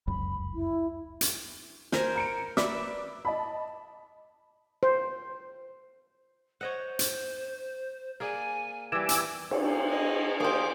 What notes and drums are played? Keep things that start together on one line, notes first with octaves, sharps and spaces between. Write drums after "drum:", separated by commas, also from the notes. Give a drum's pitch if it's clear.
F1 C#2 F#2 B5
E4
drum: hi-hat
A#4 C5 G#5 G6, drum: snare
A#5 C#7 D7
B4 D5 E5 D6, drum: snare
D#5 A5 B5
C5
C5 C#5 D#5 F#5
drum: hi-hat
A#3 G#4 D5 G#5
E3 G3 G#5 D6 E6
drum: hi-hat
drum: cymbal
D#5
A#3 G4 G#4 C5 D#5 D6